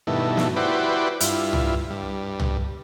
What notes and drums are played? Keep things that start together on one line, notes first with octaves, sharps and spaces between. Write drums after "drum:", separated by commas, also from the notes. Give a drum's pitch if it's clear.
G2 B2 D#3 A3 E4
drum: snare
E4 F#4 G4 B4 C5 D5
G2 E4 F4, drum: hi-hat
drum: tom
G2
drum: tom